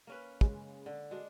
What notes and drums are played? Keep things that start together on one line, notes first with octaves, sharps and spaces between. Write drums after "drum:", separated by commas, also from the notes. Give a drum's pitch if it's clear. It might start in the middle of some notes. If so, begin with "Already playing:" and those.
A#3 C#4 B4
C#3 G#3, drum: kick
D3
G#3 D4 F#4